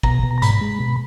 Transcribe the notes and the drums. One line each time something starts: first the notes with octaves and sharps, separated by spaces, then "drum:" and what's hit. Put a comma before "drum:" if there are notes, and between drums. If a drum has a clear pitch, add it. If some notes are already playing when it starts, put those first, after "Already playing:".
B2 A#5, drum: kick G#1
B2
A#5
G#2 B5, drum: hi-hat
G#3
B2